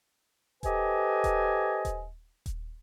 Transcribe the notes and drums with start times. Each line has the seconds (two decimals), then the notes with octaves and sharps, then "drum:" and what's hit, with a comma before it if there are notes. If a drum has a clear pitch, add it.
0.63 G4 A4 B4 C5 D#5 G#5, drum: kick D#1, hi-hat
1.24 drum: kick D#1, hi-hat
1.85 drum: kick D#1, hi-hat
2.46 drum: kick D#1, hi-hat